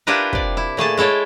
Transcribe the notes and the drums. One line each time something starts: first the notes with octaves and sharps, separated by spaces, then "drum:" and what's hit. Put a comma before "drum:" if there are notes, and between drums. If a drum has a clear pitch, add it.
D4 E4 F4 G4 A#4 B4
C3 D5, drum: kick
E4
A#2 A3 G#4 A5
G#3 E4 A4 C#5 G5